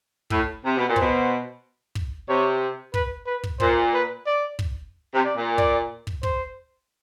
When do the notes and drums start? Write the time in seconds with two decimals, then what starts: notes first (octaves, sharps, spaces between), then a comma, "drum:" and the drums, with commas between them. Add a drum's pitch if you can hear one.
0.30 A2, drum: kick
0.64 C3
0.76 B2
0.87 A#2
0.96 B2 C5, drum: kick
1.95 drum: kick
2.28 C3 C#5
2.94 B4, drum: kick
3.26 B4
3.44 drum: kick
3.60 A#2 C5, drum: kick
3.93 B4
4.26 D5
4.59 drum: kick
5.13 C3
5.25 D5
5.36 A#2
5.58 D5, drum: kick
6.07 drum: kick
6.23 C5, drum: kick